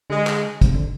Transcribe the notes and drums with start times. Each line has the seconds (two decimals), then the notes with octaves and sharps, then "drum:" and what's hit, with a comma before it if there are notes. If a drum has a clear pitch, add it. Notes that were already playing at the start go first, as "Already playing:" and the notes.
0.10 D3 G#3
0.27 drum: clap
0.61 C3, drum: kick, hi-hat
0.75 D3